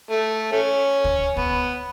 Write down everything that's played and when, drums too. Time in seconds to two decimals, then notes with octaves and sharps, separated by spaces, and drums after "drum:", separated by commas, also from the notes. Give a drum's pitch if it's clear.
0.11 A3
0.52 A3 C#4
1.05 drum: kick
1.37 B3, drum: kick